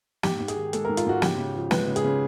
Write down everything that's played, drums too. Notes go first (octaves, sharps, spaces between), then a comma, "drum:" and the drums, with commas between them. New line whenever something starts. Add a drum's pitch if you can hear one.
G#2 G4, drum: snare
G#2
G#4, drum: hi-hat
D#3
G#3 A4, drum: hi-hat
A#4
G#2
F4, drum: hi-hat
G#2 F#4
C#3 G4, drum: snare
C#3
F3
G#3 B4, drum: snare
C#3
G#4, drum: hi-hat
C#3